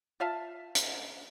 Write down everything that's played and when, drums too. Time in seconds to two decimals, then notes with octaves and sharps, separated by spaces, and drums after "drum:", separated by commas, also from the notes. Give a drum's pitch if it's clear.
0.20 F4 E5 F5 A5
0.75 drum: hi-hat